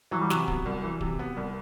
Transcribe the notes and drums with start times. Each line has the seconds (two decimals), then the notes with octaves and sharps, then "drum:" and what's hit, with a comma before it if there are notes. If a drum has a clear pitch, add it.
0.11 E3 F#3
0.21 G3
0.30 C3 F#3, drum: snare
0.48 B3, drum: kick D1
0.66 C2
0.84 E3
1.01 C3, drum: kick D1
1.19 B3
1.37 C2